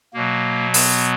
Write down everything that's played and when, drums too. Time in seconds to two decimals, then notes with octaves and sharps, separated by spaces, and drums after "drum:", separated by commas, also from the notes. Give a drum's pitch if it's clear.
0.14 B2 F#3 A#3
0.74 B3, drum: open hi-hat